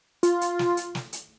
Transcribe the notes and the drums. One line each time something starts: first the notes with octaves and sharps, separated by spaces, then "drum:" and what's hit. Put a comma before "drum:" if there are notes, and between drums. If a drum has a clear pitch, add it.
F4, drum: hi-hat
drum: hi-hat
drum: snare
drum: hi-hat
drum: snare
drum: hi-hat